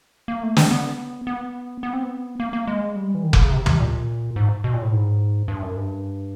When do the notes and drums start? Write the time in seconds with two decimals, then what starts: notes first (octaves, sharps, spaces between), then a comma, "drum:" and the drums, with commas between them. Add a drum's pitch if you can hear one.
0.28 A#3
0.43 A3
0.57 B3, drum: snare
0.71 B3
1.27 B3
1.83 B3
1.93 C4
2.03 B3
2.40 A#3
2.53 A#3
2.67 G#3
2.96 G3
3.15 E3
3.23 D#3
3.33 D3, drum: kick F1
3.43 C#3
3.52 C3
3.66 C3, drum: tom
3.80 A#2
4.36 G#2
4.64 B2
4.73 A#2
4.82 A2
4.92 G#2
5.48 G2
5.63 F#2
5.76 G2